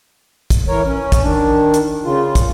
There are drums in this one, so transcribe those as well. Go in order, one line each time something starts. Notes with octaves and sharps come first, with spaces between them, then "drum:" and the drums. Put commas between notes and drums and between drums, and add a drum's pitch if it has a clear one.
drum: kick, hi-hat
E3 A#4 C#5
C#4
drum: kick, hi-hat
D#3 D4
drum: hi-hat
C#3 F4
drum: kick, hi-hat